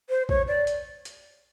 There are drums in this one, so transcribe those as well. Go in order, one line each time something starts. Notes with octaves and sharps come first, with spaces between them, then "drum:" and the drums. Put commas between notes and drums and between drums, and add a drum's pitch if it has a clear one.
C5
C#5, drum: kick
D5
drum: hi-hat
drum: hi-hat